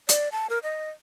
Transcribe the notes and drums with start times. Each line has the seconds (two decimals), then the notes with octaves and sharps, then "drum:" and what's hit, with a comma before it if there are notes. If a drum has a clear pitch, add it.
0.09 D5, drum: hi-hat
0.32 A5
0.50 A#4
0.63 D#5